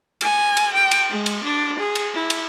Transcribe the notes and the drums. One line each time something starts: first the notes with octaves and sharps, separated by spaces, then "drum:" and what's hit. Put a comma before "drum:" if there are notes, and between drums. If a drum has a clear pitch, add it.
G#5, drum: cymbal
drum: cymbal
G5
drum: cymbal
G#3
drum: cymbal
D4
G#4
drum: cymbal
E4
drum: cymbal